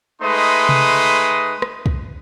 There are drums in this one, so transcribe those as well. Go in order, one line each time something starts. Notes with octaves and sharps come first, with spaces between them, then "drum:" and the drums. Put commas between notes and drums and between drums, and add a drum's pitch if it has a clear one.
G#3 A3 D#4 B4 C6 D#6
drum: tom C3
drum: rim click
drum: kick